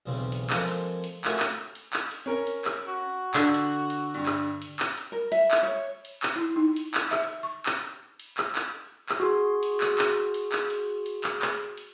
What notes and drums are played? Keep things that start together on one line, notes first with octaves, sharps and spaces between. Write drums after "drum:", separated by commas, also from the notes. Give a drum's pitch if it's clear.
B1 E2 C#3 C4
drum: cymbal
F3 G#3 A#3 C4 G4 A4, drum: clap
drum: cymbal
drum: cymbal
A3 C#4 F4 F#4 G#4 A#4, drum: clap
drum: clap
drum: cymbal
drum: clap
drum: cymbal
C#4 A#4
drum: cymbal
drum: clap
F#4
D3 E6, drum: clap
drum: cymbal
drum: cymbal
G2
drum: clap
drum: cymbal
drum: clap
drum: cymbal
A#4
E5, drum: cymbal
drum: clap
C#5
drum: cymbal
drum: clap
E4
D#4
drum: cymbal
drum: clap
E5, drum: clap
C#6
drum: clap
drum: cymbal
drum: clap
drum: clap
drum: clap
F#4 G#4 C6
drum: cymbal
drum: clap
drum: clap
drum: cymbal
drum: clap
drum: cymbal
drum: cymbal
drum: clap
drum: clap
drum: cymbal